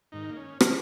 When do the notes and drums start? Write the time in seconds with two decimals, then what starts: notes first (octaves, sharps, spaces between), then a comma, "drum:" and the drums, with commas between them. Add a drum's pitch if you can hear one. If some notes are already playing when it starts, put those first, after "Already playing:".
0.12 G#2 D#3 D#4
0.30 A#3
0.37 C#4
0.61 D#3 G#3, drum: rim click